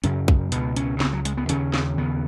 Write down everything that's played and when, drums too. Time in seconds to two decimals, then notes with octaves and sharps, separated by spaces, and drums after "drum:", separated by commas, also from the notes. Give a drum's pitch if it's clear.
0.04 F#2 C#3 C#4, drum: hi-hat
0.28 drum: kick
0.52 C#2 B2 B3, drum: hi-hat
0.76 C#4, drum: hi-hat
1.00 C#2 C#3 B3, drum: snare
1.13 F#3
1.25 G#3, drum: hi-hat
1.37 B3
1.49 D#2 C#3 C#4, drum: hi-hat
1.74 drum: snare
1.98 D#2 C#3 B3